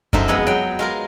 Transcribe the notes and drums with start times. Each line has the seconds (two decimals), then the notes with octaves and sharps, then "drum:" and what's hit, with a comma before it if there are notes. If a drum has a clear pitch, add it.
0.13 F#2 A#3 D#4 A4 C5 E5, drum: kick F#2
0.28 F2 G#3 B3 G#4 B5
0.47 F#3 G5
0.79 G#3 F4 A#4